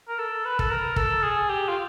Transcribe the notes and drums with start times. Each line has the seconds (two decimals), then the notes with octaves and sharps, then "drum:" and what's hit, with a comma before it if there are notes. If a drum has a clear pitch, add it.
0.09 A#4
0.19 A4
0.45 B4
0.59 A4, drum: kick
0.70 A#4
0.96 A4, drum: kick
1.23 G#4
1.49 G4
1.69 F4